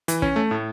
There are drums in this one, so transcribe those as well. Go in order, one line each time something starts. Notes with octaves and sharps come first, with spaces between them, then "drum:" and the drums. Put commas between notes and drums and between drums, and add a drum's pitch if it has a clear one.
E3, drum: hi-hat
C#4, drum: kick
A3
A2